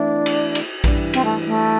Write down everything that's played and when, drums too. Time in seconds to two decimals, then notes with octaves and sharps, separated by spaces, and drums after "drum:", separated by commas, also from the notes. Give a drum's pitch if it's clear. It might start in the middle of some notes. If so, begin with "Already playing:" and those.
Already playing: E3 A3 C4 D4 E4
0.26 drum: cymbal
0.55 drum: cymbal
0.84 E3 G3 D4, drum: kick A#1, cymbal
1.13 C4, drum: cymbal
1.25 A3
1.46 A3